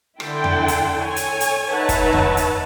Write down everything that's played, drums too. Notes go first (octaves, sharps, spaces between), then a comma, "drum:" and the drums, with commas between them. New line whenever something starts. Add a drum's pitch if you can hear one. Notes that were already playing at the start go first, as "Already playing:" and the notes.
D3 E4 F#5 G5 A5 C6, drum: rim click
drum: tom E2
drum: hi-hat
A4 C#5 G#5
drum: hi-hat
drum: hi-hat
D#4 B4 C#5 E5 F#5 A5
drum: kick, hi-hat
drum: tom E2
drum: hi-hat